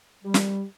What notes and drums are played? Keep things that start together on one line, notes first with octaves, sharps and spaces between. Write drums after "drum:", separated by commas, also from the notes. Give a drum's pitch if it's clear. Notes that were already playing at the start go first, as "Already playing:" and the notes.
G3
drum: snare